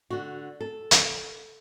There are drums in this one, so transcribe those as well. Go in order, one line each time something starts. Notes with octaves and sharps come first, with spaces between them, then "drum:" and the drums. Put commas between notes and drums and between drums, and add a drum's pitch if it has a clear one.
D3 F#4
A4
drum: hi-hat